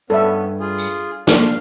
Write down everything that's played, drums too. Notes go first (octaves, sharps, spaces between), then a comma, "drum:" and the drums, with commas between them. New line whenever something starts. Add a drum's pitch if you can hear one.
G2 B3 C#4 A4 E5
F4 G#4
drum: tambourine
F3 A#3 D4 F5, drum: snare